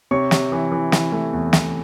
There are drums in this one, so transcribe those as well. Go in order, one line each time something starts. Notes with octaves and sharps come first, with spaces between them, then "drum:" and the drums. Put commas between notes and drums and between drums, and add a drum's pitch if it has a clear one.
C3 C#5 C#6
C3, drum: snare
E3
E3
E3, drum: snare
A3
E2
E2, drum: snare